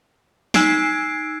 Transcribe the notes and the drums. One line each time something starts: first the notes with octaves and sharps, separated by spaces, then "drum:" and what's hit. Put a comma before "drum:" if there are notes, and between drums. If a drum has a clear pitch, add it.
D#4 E6 G#6 C7 D7, drum: snare